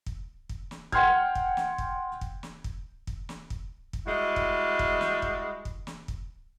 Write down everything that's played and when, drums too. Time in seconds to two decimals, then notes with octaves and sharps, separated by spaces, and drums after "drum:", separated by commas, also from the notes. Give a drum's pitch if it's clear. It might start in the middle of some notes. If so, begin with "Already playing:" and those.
0.06 drum: kick
0.49 drum: kick
0.71 drum: snare
0.92 F#5 G5 C6 F6 G#6, drum: kick
1.35 drum: kick
1.57 drum: snare
1.78 drum: kick
2.21 drum: kick
2.43 drum: snare
2.64 drum: kick
3.07 drum: kick
3.29 drum: snare
3.50 drum: kick
3.93 drum: kick
4.06 G3 G#3 E4 F#4
4.36 drum: kick
4.79 drum: kick
5.01 drum: snare
5.22 drum: kick
5.65 drum: kick
5.87 drum: snare
6.08 drum: kick